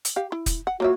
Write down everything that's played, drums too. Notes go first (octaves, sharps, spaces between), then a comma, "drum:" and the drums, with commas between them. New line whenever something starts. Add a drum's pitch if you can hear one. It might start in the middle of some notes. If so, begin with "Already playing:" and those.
drum: hi-hat
G4 F5
E4
drum: kick, hi-hat
F#5
A#3 F4 F#4 C#5 E5